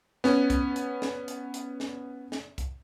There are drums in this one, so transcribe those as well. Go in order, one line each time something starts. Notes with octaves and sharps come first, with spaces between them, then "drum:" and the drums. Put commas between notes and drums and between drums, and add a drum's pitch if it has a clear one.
B3 C#4, drum: snare
drum: kick, hi-hat
drum: hi-hat
drum: snare
drum: hi-hat
drum: hi-hat
drum: snare
drum: snare
drum: kick, hi-hat